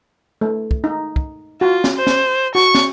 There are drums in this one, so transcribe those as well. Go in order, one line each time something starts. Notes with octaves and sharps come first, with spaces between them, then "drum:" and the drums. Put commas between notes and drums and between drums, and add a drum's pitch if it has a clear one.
A3
drum: kick
D#4
drum: kick
F4 F#4
drum: snare
C5
drum: snare
F#4 C#6
drum: snare